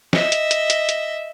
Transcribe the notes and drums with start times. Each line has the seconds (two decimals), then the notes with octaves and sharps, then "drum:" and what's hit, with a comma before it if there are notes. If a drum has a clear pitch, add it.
0.13 D#5 E5, drum: snare
0.32 drum: hi-hat
0.51 drum: hi-hat
0.70 drum: hi-hat
0.89 drum: hi-hat